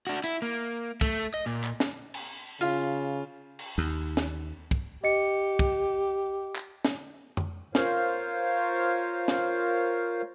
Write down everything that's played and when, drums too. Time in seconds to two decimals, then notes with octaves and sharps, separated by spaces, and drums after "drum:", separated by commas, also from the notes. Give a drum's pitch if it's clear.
0.07 D4 F#4
0.24 E4, drum: hi-hat
0.42 A#3
1.01 A3, drum: kick
1.34 D#5
1.46 A#2
1.64 drum: clap
1.80 drum: snare
2.14 drum: cymbal
2.61 C#3 F4
3.59 drum: cymbal
3.78 D#2
4.17 drum: snare
4.71 drum: kick
5.04 G4 D#5 C#7
5.59 drum: kick
6.56 drum: clap
6.85 drum: snare
7.37 drum: tom F2
7.75 F4 A#4 C5 C#5 F5, drum: snare
9.28 drum: snare